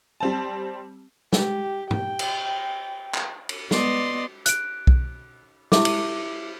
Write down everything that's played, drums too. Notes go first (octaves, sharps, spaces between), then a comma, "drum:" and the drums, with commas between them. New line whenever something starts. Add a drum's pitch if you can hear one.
G3 C4 A5
G4, drum: snare
G5, drum: tom G#2
drum: cymbal
drum: clap
drum: cymbal
B3 D5 D#5 C6, drum: snare
F#6 D7, drum: hi-hat
drum: kick B1
E4 G4 E5 D6, drum: snare
drum: cymbal